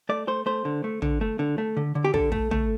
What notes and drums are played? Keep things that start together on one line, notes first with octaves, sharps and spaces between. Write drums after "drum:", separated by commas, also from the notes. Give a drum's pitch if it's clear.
A3 D5
A3 C5
A3 C5
D3
A3
D3, drum: tom
A3
D3
A3
D3
D3
G4
D3 A4, drum: kick
A3, drum: kick
A3, drum: tom